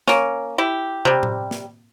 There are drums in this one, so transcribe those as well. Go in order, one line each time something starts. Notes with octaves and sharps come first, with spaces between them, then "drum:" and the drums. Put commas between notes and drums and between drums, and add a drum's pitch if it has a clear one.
A#3 C#4, drum: snare
E4 G4
C3 G3, drum: tom
drum: tom A2
drum: snare